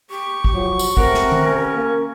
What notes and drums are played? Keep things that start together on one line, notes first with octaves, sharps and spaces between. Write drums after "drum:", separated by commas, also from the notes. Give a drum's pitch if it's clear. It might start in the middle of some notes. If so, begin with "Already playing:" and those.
G4 C#6
drum: kick
F3 F#3
drum: tambourine
C3 A3 C4 A#4 F#5, drum: kick
drum: snare
drum: tom D#3
C#4
A#3